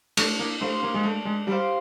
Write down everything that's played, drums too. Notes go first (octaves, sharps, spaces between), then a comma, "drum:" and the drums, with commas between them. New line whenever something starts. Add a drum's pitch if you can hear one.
A3 D4, drum: cymbal
A#3
A3 G4 C5 F5
A#3
G#3
A3 D4
G#3
G3 G4 C5 F5